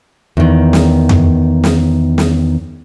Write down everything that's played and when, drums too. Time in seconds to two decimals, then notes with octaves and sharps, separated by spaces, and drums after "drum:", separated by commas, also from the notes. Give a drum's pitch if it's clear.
0.37 E2 D#3
0.73 drum: snare
1.09 drum: tom F2
1.64 drum: snare
2.18 drum: snare